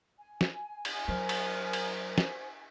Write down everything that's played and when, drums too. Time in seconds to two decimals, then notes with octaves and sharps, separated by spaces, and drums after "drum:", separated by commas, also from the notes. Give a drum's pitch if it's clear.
0.19 G#5
0.41 drum: snare
0.85 drum: cymbal
1.08 F#3 A#4 C5
1.29 drum: cymbal
1.73 drum: cymbal
2.18 drum: snare